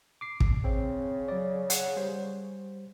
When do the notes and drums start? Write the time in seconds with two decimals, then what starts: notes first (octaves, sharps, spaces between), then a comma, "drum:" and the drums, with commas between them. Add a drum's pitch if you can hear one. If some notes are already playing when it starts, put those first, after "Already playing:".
0.21 D6 C7
0.40 drum: kick
0.64 C#3 C4
1.28 F#3 D5
1.70 C#5 F#5, drum: hi-hat
1.97 G3 C5